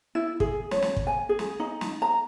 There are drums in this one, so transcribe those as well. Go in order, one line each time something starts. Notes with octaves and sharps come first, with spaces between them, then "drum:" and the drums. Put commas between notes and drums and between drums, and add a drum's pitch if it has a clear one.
E4
G#4, drum: kick
C#5, drum: snare
drum: snare
drum: kick
G#5
G#4
drum: snare
D#4
drum: snare
A#5